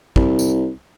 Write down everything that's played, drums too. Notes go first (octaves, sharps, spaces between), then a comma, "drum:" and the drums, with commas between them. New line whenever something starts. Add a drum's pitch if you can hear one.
C2, drum: kick
drum: tambourine